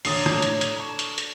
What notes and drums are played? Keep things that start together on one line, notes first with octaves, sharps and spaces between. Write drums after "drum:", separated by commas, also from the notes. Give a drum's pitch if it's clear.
A#1 D3 C#5 A#5 D#6 C7, drum: open hi-hat
A2, drum: rim click
drum: hi-hat
drum: hi-hat
A5 A#5 C#6
drum: hi-hat
drum: hi-hat